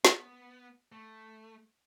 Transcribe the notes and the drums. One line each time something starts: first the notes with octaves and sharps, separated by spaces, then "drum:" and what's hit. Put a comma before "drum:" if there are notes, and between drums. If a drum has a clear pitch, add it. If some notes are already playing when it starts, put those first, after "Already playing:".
B3, drum: snare
A3